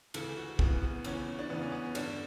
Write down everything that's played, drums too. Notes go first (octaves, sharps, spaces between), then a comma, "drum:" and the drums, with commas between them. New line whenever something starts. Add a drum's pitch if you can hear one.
D2 C#3 E3 A4, drum: cymbal
F#4
D2 C#3 E3 B3, drum: kick
B3
E2 C#3 E3 C#4, drum: cymbal
B3
C#4
D4
E2 C#3 E3 B3
C#4
B3
C#4
G2 D3 D4, drum: cymbal